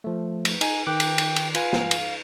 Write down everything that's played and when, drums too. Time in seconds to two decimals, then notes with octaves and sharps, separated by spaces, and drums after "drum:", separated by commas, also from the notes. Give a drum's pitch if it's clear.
0.04 F3 A3
0.45 drum: cymbal
0.61 D#4 G#5, drum: cymbal
0.87 D#3 G5 D6 F#6
1.00 drum: cymbal
1.18 drum: cymbal
1.36 drum: cymbal
1.55 F4 B4 F5 G#5, drum: cymbal
1.73 drum: snare
1.91 drum: cymbal